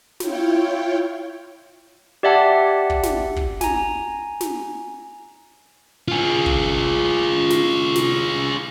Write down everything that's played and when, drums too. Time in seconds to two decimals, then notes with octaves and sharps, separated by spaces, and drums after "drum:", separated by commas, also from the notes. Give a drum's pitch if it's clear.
0.20 E4 F4 C#5 G5, drum: snare
2.23 G4 D5 E5 F#5 A5
2.90 drum: kick
3.03 drum: snare
3.36 drum: kick
3.61 G#5 A#5, drum: snare
4.41 drum: snare
6.08 F4 G#4
6.46 drum: kick
7.50 drum: snare
7.95 drum: snare